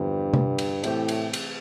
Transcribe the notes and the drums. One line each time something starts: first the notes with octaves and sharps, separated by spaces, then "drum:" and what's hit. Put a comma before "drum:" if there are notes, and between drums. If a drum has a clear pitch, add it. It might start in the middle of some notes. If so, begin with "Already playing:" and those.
Already playing: E2 G2 D3 F3 C4
drum: tom C3
drum: cymbal
A2 C3 E3 A3 C4 G4, drum: cymbal
drum: cymbal
drum: cymbal